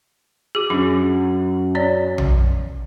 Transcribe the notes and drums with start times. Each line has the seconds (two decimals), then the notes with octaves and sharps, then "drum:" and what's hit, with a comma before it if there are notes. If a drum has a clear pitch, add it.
0.55 F#4 G#4
0.70 F#2 D4
1.75 C#4 C#5 D5
2.18 drum: tom A#1